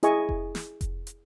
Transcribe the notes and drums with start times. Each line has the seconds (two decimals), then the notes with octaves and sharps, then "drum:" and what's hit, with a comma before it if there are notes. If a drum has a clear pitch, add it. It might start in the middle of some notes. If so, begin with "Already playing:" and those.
0.03 E4 G#4 D#5 G#5 C#6, drum: hi-hat
0.29 drum: kick F1
0.55 drum: snare
0.81 drum: kick F1, hi-hat
1.07 drum: hi-hat